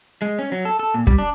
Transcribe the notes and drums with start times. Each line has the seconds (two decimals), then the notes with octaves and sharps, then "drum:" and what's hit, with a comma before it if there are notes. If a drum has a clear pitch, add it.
0.22 G#3
0.39 C#4
0.52 F#3
0.65 A4
0.79 A4
0.94 A#2
1.07 G3, drum: kick
1.18 D4